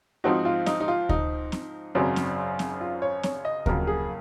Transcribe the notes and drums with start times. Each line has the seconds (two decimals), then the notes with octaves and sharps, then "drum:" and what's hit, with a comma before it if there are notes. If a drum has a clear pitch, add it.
0.24 G#2 F3 C4 D#4 F#4
0.45 F4
0.66 D#4, drum: snare
0.80 D#4
0.88 F4
1.09 D#4, drum: kick D2
1.52 drum: snare
1.95 G#1 F#2 C#3 F#3 C4
2.16 drum: snare
2.59 drum: snare
2.81 F4
3.02 C#5
3.23 C#5, drum: snare
3.45 D#5
3.66 F2 C#3 F#3 A#3 A#4, drum: kick D2
3.87 G#4